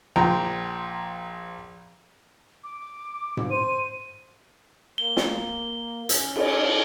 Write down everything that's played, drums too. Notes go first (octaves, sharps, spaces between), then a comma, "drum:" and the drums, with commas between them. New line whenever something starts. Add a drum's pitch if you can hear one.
A#1 F3 G5 A#5
D6
drum: tom G#2
C5 D#7
A#3 G7
drum: snare
C#4, drum: hi-hat
drum: cymbal